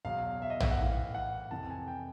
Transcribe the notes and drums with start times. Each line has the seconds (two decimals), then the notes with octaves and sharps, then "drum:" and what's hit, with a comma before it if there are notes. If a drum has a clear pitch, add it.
0.05 E2 B2 F#3 F5
0.42 E5
0.50 D#5
0.60 E5, drum: tom A#1
0.71 F#5
0.77 A2 E3 F5
1.15 F#5
1.51 F2 C3 E3 A5
1.70 G#5
1.88 G5